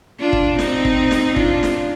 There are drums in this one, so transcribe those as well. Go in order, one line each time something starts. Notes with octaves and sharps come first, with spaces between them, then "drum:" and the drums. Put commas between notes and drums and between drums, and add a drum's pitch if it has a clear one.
D4 F4
drum: kick
C4 D#4, drum: snare
drum: kick
drum: snare
D4 F4, drum: kick
drum: snare